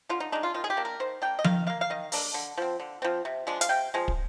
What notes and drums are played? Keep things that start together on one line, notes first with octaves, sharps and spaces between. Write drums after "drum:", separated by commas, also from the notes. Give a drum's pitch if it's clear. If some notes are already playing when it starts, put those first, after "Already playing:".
D3 F4
D#4
G#3 D4 D#4
F4
D#3 F4
G#4
G4
A#3 D4
A#4
D#3 C5
A#3 D4 G5
D#5
D#3 F5, drum: tom F3
A#3 D4 F5
F5
D#3 D#5
A#3 D4, drum: open hi-hat
D3
F3 C4
D3
F3 C4
C3
F3 G#3 D4
F5, drum: hi-hat
C3 G5
F3 G#3
drum: kick